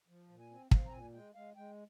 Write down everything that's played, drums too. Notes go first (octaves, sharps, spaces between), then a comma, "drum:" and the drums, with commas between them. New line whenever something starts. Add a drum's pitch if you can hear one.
F3
A#2
G#5
C4
C4 F5, drum: kick
A#5
A#2 G#5
G#3 G5
G#3 F5
G#3 G5